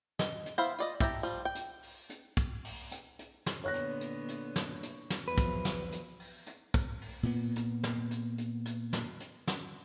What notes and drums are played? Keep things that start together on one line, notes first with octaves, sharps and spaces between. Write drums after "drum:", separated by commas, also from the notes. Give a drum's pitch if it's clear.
D#5, drum: snare
drum: hi-hat
B3 E4 C5 F5 B5
F4 D5 D#5
E4 G4 E5 A5 A#5, drum: kick, hi-hat
F3 G3
G5
drum: hi-hat
drum: open hi-hat
drum: hi-hat
drum: kick, hi-hat
drum: open hi-hat
drum: hi-hat
drum: hi-hat
drum: snare
A#2 D3 B3 C#5 F#6 A#6
drum: hi-hat
drum: hi-hat
drum: hi-hat
drum: snare
drum: hi-hat
drum: snare
E2 F3 F#3 B4
drum: kick, hi-hat
drum: snare
drum: hi-hat
drum: open hi-hat
drum: hi-hat
drum: kick, hi-hat
drum: open hi-hat
A#2 B3
drum: hi-hat
drum: snare
drum: hi-hat
drum: hi-hat
drum: hi-hat
drum: snare
drum: hi-hat
drum: snare